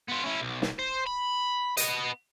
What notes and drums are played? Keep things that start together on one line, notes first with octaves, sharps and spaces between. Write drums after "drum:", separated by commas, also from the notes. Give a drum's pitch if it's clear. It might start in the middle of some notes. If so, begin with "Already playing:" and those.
B3 F4
C#4 E4
B1
drum: snare
C5
B5
B3 D#5, drum: hi-hat